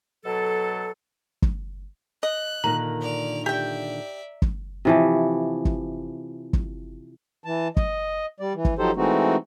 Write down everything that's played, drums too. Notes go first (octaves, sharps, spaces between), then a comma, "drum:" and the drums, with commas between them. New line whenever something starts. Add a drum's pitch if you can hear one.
B2 F#3 A4
drum: kick
D#5 F#6
A#2 D3 D#3 A#5 F#7
D5 F7
G4 D5 E5 G5
drum: kick
C3 E3 F3
drum: kick
drum: kick
E3 A5
D#5, drum: kick
G3 D5
E3
drum: kick
F3 F#3 D#4 G4 A4 C5
E3 G#3 A3 C4 D#4 F#4